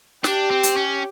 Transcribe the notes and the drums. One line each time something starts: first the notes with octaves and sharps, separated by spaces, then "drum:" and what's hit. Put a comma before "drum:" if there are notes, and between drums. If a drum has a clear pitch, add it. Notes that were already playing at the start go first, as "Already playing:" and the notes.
D4 G4, drum: snare
C4
drum: hi-hat
C#4